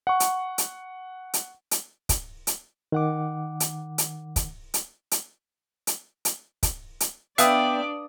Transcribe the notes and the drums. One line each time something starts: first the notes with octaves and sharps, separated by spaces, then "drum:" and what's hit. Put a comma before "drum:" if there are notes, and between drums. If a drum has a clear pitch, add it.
F#5 C#6
drum: hi-hat
drum: hi-hat
drum: hi-hat
drum: hi-hat
drum: kick, hi-hat
drum: hi-hat
D#3 F#5 D6
drum: hi-hat
drum: hi-hat
drum: kick, hi-hat
drum: hi-hat
drum: hi-hat
drum: hi-hat
drum: hi-hat
drum: kick, hi-hat
drum: hi-hat
B3 D4 B4 D5 E5 F5 G5 D#6, drum: hi-hat